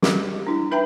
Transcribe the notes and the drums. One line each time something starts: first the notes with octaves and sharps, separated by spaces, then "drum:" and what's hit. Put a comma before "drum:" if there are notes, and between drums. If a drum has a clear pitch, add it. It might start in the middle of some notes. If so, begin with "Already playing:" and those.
G3 G4 A4, drum: snare
D4 E4
D#4 B4 E5 G5 A#5 B5